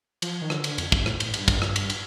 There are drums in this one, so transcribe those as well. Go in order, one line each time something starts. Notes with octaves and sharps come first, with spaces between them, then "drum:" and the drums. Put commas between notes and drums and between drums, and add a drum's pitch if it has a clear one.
F3, drum: cymbal
D#3
D3, drum: rim click
drum: cymbal
F2, drum: cymbal
G2, drum: kick
A2, drum: rim click
A2, drum: cymbal
G2, drum: cymbal
drum: kick, cymbal
drum: rim click
drum: cymbal
drum: cymbal